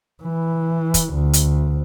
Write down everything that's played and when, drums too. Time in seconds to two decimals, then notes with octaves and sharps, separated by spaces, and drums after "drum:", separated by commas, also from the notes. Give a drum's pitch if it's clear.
0.23 E3
0.94 drum: kick, hi-hat
1.14 D2
1.33 drum: hi-hat